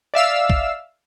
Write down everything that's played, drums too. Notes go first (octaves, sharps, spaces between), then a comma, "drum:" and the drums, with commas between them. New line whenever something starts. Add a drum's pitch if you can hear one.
D5 E5 F5 E6
drum: kick